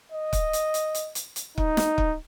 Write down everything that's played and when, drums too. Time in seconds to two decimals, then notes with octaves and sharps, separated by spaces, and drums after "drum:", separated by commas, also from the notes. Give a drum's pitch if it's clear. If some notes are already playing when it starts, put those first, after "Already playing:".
0.12 D#5
0.33 drum: kick, hi-hat
0.53 drum: hi-hat
0.74 drum: hi-hat
0.95 drum: hi-hat
1.15 drum: hi-hat
1.36 drum: hi-hat
1.58 D#4, drum: kick
1.77 drum: snare
1.98 drum: kick